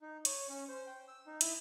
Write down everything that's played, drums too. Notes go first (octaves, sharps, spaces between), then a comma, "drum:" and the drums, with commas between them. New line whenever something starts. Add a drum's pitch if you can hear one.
D#4
C#5, drum: hi-hat
C#4
C5
G5
E6
D#4
E4, drum: hi-hat